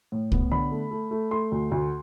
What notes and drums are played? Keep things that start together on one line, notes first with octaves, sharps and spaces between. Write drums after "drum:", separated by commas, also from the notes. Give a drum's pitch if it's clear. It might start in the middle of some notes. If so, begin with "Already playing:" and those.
A2
B3, drum: kick C2
D3 B5
A3
A3
A3
A3 C6
D2
D2